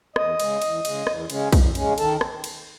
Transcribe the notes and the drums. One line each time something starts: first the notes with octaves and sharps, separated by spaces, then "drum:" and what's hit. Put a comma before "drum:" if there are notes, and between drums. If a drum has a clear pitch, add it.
E2 D#5, drum: rim click
C#3 G#3, drum: cymbal
E2, drum: cymbal
C#3 G#3, drum: cymbal
E2, drum: rim click
C#3 G#3 C#4, drum: cymbal
E2, drum: kick B1, cymbal
C#3 G#3 C#4, drum: cymbal
D#3 A4, drum: cymbal
drum: rim click
drum: cymbal